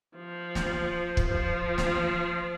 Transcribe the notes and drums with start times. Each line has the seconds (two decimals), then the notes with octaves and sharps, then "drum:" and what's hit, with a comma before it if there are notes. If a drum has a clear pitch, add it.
0.16 F3
0.55 drum: snare
1.17 drum: kick
1.27 F3
1.78 drum: snare